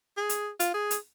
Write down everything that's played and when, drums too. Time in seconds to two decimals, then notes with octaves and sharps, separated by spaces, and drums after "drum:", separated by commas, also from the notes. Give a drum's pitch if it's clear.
0.17 G#4
0.29 drum: hi-hat
0.60 F4, drum: hi-hat
0.74 G#4
0.91 drum: hi-hat